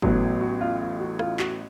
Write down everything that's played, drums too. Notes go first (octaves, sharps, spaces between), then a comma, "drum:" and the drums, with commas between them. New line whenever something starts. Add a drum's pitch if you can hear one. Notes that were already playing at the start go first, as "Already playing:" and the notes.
A1 A2 F#3 B3, drum: kick F#1
F#4
F4
F4
F#4
F4, drum: rim click
F#4, drum: clap